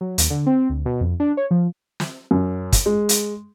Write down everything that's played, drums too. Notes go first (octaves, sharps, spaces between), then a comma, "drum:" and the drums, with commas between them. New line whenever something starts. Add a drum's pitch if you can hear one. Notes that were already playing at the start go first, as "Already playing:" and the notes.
F#3
D#2, drum: hi-hat
D3
C4
D2
B2
F2
D4
C#5
F3
drum: snare
F#2
drum: kick, hi-hat
G#3
drum: hi-hat